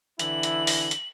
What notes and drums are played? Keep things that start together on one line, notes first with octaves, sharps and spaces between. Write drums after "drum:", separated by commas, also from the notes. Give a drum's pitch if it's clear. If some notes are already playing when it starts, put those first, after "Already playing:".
D3 E3 E4 F#7, drum: hi-hat
drum: hi-hat
drum: open hi-hat
drum: hi-hat